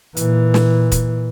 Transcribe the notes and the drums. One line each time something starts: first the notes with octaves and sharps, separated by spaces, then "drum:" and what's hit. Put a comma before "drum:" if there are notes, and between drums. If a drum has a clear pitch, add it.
A#2 E3, drum: hi-hat
drum: snare
drum: kick, hi-hat